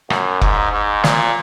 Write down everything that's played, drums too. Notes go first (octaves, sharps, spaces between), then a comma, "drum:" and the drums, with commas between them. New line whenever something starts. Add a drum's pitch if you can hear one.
F#2, drum: rim click
G#2, drum: kick F1
G#2
A#2, drum: snare